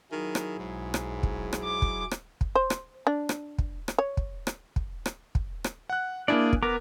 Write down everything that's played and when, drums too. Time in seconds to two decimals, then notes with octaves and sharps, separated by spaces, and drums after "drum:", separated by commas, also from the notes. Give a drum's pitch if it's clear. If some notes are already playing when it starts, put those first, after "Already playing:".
0.11 D#3 F#3 E4 G#4
0.35 drum: rim click
0.59 B1 G#2
0.94 drum: rim click
1.23 drum: kick
1.53 drum: rim click
1.64 D6
1.82 drum: kick
2.11 drum: rim click
2.41 drum: kick
2.55 C5
2.70 drum: rim click
3.07 D4
3.29 drum: rim click
3.58 drum: kick
3.88 drum: rim click
3.98 C#5
4.17 drum: kick
4.47 drum: rim click
4.76 drum: kick
5.06 drum: rim click
5.35 drum: kick
5.64 drum: rim click
5.90 F#5 F#6
6.28 A#3 D4 E4 G#4 D5
6.53 drum: kick
6.63 B3 A#4 A#5 D6